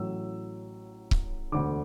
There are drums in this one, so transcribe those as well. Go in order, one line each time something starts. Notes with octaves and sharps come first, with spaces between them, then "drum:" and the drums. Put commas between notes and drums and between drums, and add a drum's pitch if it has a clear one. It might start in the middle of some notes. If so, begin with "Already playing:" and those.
Already playing: A1 A2 F#3 E6
drum: kick C#1
E1 D2 D3 D6